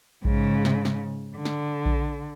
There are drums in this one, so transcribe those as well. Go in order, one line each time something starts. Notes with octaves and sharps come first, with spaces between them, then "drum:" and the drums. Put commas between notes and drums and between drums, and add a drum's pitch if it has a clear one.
G#2 C#3, drum: kick A#1
drum: snare
drum: snare
D3
drum: snare
drum: kick A#1